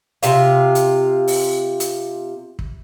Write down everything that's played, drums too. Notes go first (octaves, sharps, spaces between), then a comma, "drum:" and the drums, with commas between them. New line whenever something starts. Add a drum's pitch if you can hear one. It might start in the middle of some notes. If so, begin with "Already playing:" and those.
C3 F4, drum: hi-hat
drum: hi-hat
drum: open hi-hat
drum: hi-hat
drum: kick